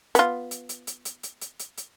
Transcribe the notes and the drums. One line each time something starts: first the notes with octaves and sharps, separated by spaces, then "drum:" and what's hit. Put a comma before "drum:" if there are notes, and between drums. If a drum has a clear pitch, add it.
B3 F4, drum: hi-hat
drum: hi-hat
drum: hi-hat
drum: hi-hat
drum: hi-hat
drum: hi-hat
drum: hi-hat
drum: hi-hat
drum: hi-hat